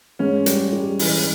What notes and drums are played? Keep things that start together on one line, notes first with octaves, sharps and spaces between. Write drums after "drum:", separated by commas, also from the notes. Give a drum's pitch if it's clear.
G#2 C#4
G3, drum: hi-hat
G3
E3, drum: open hi-hat